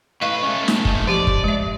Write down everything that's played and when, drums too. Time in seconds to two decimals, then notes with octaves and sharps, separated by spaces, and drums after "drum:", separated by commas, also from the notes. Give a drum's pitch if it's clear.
0.21 A2 B4 D#5 F5 C#6
0.43 G#3 A3 C#4
0.68 drum: snare
0.85 A3 D#4, drum: kick
1.07 F3 G4 D5 A5
1.27 drum: kick
1.44 G#3 E5